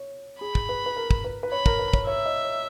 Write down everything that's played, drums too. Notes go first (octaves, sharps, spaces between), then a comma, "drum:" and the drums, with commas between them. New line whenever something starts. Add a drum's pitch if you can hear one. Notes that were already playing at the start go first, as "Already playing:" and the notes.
Already playing: C#5
G#4 B5
drum: kick
B4
B4
A#4
drum: kick
B4
B4
C#5 B5
A#4, drum: kick
B4
C#5, drum: kick
C#5 E5
D#5
C#5